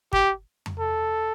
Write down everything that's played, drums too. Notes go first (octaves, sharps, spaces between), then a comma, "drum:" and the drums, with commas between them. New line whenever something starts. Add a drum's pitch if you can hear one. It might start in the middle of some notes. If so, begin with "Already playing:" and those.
G4, drum: kick
drum: tom F2
A4